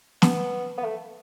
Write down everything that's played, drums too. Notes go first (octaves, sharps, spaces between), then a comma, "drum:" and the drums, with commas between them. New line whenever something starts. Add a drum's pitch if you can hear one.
B3, drum: snare
B3
A3